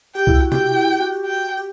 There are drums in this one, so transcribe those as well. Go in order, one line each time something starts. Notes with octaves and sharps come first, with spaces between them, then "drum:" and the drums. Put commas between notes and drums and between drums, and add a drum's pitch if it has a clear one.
G4 G5
E4, drum: kick C2
F#4
G4 G5, drum: tom C3
G4
F#4
G4
G5
G4